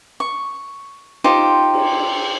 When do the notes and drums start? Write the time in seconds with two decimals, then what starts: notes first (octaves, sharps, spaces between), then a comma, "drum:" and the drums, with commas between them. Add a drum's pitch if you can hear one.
0.20 C#6
1.24 D#4 F4 G4 C5
1.74 drum: cymbal